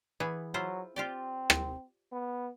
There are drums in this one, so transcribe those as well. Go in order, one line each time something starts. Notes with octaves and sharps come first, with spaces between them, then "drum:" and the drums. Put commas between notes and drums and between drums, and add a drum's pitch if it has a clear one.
E3 B3 G#4
F#3 E4 F4 C5
C4 F4 G4 D5
drum: rim click
B3